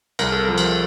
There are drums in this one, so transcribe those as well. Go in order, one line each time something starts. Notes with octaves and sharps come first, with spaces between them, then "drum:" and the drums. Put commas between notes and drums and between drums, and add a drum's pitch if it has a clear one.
C2 A#4, drum: cymbal
A4
F3 A#4
drum: cymbal